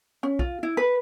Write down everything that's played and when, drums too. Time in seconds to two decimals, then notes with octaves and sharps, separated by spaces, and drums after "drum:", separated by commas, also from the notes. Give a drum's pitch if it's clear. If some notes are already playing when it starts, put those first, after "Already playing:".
0.23 C#4
0.39 F4, drum: kick
0.63 E4
0.77 B4